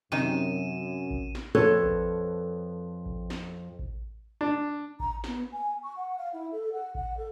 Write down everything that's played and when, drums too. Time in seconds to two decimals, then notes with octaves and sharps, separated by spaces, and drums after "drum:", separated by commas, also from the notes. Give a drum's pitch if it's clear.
0.12 F#2 C3 D#3 D#4 D#7 E7
1.11 drum: kick A1
1.35 drum: snare
1.55 F2 A4 B4 C#5
1.84 drum: kick A1
3.06 drum: kick A1
3.30 drum: snare
3.79 drum: kick A1
4.41 D4
5.00 A#5, drum: kick A1
5.24 B3, drum: snare
5.52 G#5
5.82 C#6
5.96 F#5
6.17 F5
6.32 E4
6.51 A4
6.72 F#5
6.95 F#5, drum: kick A1
7.17 A4